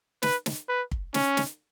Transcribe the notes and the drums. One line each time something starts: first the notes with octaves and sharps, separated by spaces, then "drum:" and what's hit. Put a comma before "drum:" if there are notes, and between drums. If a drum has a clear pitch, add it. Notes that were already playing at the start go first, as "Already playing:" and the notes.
B4, drum: snare
drum: snare
B4
drum: kick
C#4, drum: snare
drum: snare